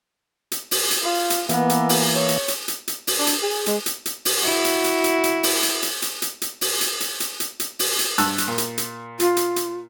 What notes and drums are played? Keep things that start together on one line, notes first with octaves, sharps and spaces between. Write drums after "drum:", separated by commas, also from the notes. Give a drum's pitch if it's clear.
drum: hi-hat
drum: open hi-hat
drum: hi-hat
F4
drum: hi-hat
E3 A#3 B3, drum: hi-hat
drum: hi-hat
drum: open hi-hat
C#5
drum: hi-hat
drum: hi-hat
drum: hi-hat
drum: hi-hat
drum: open hi-hat
D4
drum: hi-hat
G#4
G#3, drum: hi-hat
drum: hi-hat
drum: hi-hat
drum: open hi-hat
E4 F#4
drum: hi-hat
drum: hi-hat
drum: hi-hat
drum: hi-hat
drum: open hi-hat
drum: hi-hat
drum: hi-hat
drum: hi-hat
drum: hi-hat
drum: hi-hat
drum: open hi-hat
drum: hi-hat
drum: hi-hat
drum: hi-hat
drum: hi-hat
drum: hi-hat
drum: open hi-hat
drum: hi-hat
G2 A5 E6, drum: hi-hat
drum: hi-hat
A#2
drum: hi-hat
drum: hi-hat
F4, drum: hi-hat
drum: hi-hat
drum: hi-hat